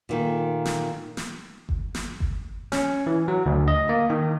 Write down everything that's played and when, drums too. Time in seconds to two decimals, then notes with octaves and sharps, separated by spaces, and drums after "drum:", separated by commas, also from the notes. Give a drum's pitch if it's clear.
0.09 A#2 D#3 A3
0.65 drum: snare
1.17 drum: snare
1.69 drum: kick G1
1.95 drum: snare
2.20 drum: kick G1
2.72 C#4, drum: snare
3.07 E3
3.28 F#3
3.46 D2
3.68 D#5
3.89 A#3
4.10 D#3